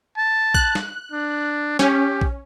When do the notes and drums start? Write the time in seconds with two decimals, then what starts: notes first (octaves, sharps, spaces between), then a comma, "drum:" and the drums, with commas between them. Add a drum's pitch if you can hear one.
0.18 A5
0.54 F#6, drum: kick A#1
0.75 drum: snare
1.12 D4
1.79 C#4 G4, drum: snare
2.21 drum: kick A#1